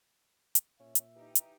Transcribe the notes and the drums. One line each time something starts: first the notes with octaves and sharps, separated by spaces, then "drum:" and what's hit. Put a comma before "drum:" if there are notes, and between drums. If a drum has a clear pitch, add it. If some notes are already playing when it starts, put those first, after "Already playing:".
drum: hi-hat
A#2 C#4 E5
drum: hi-hat
E3 D#4 G4
drum: hi-hat